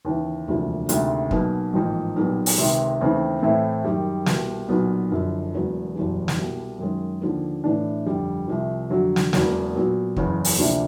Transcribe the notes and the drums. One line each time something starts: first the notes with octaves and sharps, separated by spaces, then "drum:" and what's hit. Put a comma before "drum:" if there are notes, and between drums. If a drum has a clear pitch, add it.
D#2 C#3 E3
E1 D2 C3 F3 A#3
D2 C3 D#3 G#3, drum: hi-hat
B1 B2 F#3 A#3, drum: kick
A1 G#2 F3 A#3 D#4
B1 A#2 G3 B3
drum: open hi-hat
C#2 C3 D#3 G#3
D#2 C#3 E3 A3 C4
A2 E3 A3 C4 E4
F#2 D#3 G3
C2 B2 G3, drum: snare
B1 A#2 F#3 B3
F#1 F#2 D3 F3
E1 E2 C#3 F#3 A#3
F#1 E2 B2 G3
drum: snare
C2 B2 G3 B3
F#2 D#3 G#3 C#4
D#2 D3 F3 A#3
A2 E3 A3 D4
G1 F2 D3 G3
C2 C3 F3
F2 D3 F#3
drum: snare
E1 E2 C#3 F#3 A#3, drum: snare
A#2 F#3 B3
F#1 E2 C#3, drum: kick
drum: open hi-hat
D2 C3 F3 A#3 D4